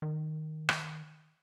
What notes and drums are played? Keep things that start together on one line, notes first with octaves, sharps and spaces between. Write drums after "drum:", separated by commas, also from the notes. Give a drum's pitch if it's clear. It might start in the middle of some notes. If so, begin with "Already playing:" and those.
D#3
drum: rim click